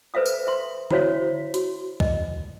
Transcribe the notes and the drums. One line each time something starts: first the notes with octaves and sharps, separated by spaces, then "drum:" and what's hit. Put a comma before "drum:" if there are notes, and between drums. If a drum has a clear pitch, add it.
A4 B4 C5 E5 F5 D#6
drum: tambourine
E5 C6
E4 F#4 C5 C#5 E5 F5, drum: tom D3
F#4, drum: hi-hat
D#5, drum: kick